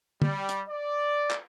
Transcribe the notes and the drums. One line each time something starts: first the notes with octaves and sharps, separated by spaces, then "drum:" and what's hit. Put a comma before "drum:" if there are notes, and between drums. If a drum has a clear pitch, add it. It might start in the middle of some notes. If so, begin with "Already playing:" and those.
G3, drum: tom
drum: hi-hat
D5
drum: clap